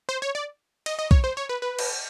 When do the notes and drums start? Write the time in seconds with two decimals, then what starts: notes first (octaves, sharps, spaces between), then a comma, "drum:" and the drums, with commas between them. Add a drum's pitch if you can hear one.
0.09 C5
0.22 C#5
0.35 D5
0.86 D#5, drum: cymbal
0.99 D#5
1.11 C#5, drum: kick B1
1.24 C5
1.37 C#5
1.49 B4
1.62 B4
1.79 drum: cymbal